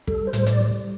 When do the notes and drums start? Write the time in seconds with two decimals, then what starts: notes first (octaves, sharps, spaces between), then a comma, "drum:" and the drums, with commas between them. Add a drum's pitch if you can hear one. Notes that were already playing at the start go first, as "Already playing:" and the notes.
0.07 G3 A4, drum: kick
0.27 C5
0.33 A2, drum: hi-hat
0.46 D5, drum: hi-hat
0.60 G3